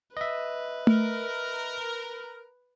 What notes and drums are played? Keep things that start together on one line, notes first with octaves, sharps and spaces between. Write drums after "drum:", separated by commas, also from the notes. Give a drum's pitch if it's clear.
B4 D#5 E5
A#4, drum: tom A3